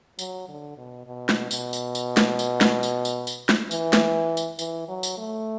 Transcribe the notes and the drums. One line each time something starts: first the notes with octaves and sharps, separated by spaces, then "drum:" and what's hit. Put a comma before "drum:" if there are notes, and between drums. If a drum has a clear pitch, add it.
F#3, drum: tambourine
D3
B2
B2
drum: snare
B2, drum: tambourine
drum: tambourine
drum: tambourine
drum: snare
drum: tambourine
drum: snare
drum: tambourine
drum: tambourine
drum: tambourine
drum: snare
E3, drum: tambourine
drum: snare
drum: tambourine
E3, drum: tambourine
F#3
drum: tambourine
A3